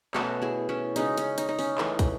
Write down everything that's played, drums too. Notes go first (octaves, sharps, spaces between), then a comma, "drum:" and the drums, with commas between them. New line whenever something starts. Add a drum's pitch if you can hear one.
B2 A3 C#4 F#4 A4, drum: clap
E4 G#4
C#4 E4
C#3 G#3 C#4 D#4, drum: hi-hat
C#4, drum: hi-hat
D#4, drum: hi-hat
D#4
C#4, drum: open hi-hat
E3 A3 C#4 D#4, drum: clap
drum: kick, hi-hat